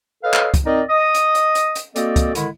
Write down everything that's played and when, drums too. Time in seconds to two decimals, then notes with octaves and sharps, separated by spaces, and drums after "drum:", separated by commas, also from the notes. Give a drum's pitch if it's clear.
0.24 A4 B4 C#5 D#5 F5
0.33 drum: clap
0.54 drum: kick, hi-hat
0.65 C4 D#4 A#4 D5 D#5
0.89 D#5 D#6
1.15 drum: hi-hat
1.35 drum: hi-hat
1.55 drum: hi-hat
1.75 drum: hi-hat
1.96 A#3 C4 F#4 A4 D5 D#5, drum: hi-hat
2.16 drum: kick, hi-hat
2.35 D3 D#3 G#3 E4, drum: hi-hat